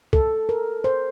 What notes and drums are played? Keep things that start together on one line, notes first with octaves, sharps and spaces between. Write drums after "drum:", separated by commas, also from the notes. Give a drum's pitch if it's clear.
A4, drum: kick
A#4
C5